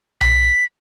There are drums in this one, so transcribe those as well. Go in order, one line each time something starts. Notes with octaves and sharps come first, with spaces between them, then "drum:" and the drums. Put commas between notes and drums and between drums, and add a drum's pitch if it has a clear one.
B6, drum: tom B1